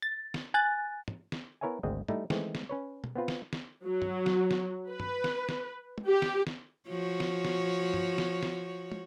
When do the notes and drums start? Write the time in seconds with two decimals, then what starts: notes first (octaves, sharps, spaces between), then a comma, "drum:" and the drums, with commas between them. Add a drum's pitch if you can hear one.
0.02 A6
0.34 drum: snare
0.54 G#5 F#6 A6
1.08 drum: tom
1.32 drum: snare
1.61 B3 E4 A#4 C#5 E5 G#5
1.83 G#1 D2 G#3 C4 D#5
2.08 G3 A3 D#4 E4, drum: tom
2.30 D#3 E3 G#3 A3 C4, drum: snare
2.55 drum: snare
2.69 C#4 B4 C#5
3.04 drum: tom B2
3.16 B3 C4 F4 B4
3.28 drum: snare
3.53 drum: snare
3.86 F#3
4.02 drum: tom G2
4.26 drum: snare
4.51 drum: snare
4.90 B4
5.00 drum: tom G2
5.24 drum: snare
5.49 drum: snare
5.98 drum: tom
6.08 G4
6.22 drum: snare
6.47 drum: snare
6.89 F3 F#4 C#5
7.20 drum: snare
7.45 drum: snare
7.94 drum: tom G2
8.18 drum: snare
8.43 drum: snare
8.92 drum: tom